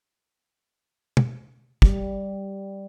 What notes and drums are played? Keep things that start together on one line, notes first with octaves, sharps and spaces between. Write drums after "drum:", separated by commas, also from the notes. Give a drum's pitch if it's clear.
drum: tom
G3, drum: kick